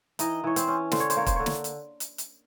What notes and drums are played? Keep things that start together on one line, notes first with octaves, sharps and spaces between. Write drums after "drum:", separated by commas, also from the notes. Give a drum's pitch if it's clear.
E3 D#4 D#5, drum: hi-hat
E3 C#5
C4 C5, drum: hi-hat
C#4
D3 C5, drum: snare
C#5
C5, drum: hi-hat
A#3 C#5
C5, drum: kick, hi-hat
D3 C#5
drum: snare
drum: hi-hat
drum: hi-hat
drum: hi-hat